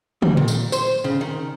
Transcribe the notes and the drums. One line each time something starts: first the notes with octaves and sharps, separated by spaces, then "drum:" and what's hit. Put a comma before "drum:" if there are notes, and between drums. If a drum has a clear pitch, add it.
G3, drum: tom
A#2
drum: tambourine
C5, drum: tambourine
C#3
D#3